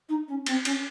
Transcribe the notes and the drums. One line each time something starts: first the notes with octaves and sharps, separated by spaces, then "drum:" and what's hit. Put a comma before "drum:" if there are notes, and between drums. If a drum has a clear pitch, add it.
D#4
C#4
C4, drum: cymbal
C#4, drum: cymbal